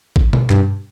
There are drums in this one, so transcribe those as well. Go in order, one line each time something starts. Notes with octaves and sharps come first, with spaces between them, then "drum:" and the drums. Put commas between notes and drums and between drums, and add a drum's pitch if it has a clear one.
drum: kick A1
drum: tom B2
G2, drum: clap